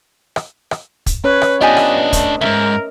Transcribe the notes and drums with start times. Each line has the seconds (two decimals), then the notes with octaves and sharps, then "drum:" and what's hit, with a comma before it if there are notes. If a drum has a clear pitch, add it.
0.36 drum: rim click
0.71 drum: rim click
1.06 drum: kick, hi-hat
1.24 C#4 B4 C#5
1.42 drum: rim click
1.61 B3 D4 E4 F4 G4 D#5 G#5
1.77 drum: rim click
2.13 A3, drum: kick, hi-hat
2.41 D2 G#2 A#4 E5